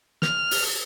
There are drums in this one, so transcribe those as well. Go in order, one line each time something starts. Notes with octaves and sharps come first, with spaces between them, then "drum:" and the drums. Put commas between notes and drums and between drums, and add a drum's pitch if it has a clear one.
F6, drum: snare
drum: open hi-hat